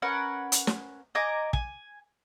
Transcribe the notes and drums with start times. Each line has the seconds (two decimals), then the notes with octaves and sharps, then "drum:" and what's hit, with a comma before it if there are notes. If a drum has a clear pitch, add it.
0.02 C#4 A#4 B4 F#5
0.52 drum: hi-hat
0.67 drum: snare
1.15 D#5 G#5 A#5 D6
1.53 G#5, drum: kick